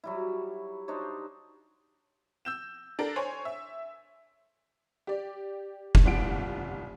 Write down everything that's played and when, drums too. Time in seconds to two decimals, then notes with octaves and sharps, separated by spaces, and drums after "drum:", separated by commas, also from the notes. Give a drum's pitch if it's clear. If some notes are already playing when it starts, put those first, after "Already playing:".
0.04 F#3 G3 E4
0.88 D4 D#4 C5 C#5
2.45 E6 G6 E7
2.99 D4 A4 A#4
3.16 C5 C#5 G#5
3.45 E5
5.07 G4 D5
5.95 drum: kick F1
6.05 F1 C2 F4 F#5 D7